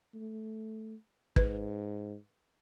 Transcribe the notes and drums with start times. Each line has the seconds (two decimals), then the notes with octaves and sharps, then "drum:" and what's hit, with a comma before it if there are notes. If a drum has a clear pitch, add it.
0.14 A3
1.36 G#2 B4, drum: kick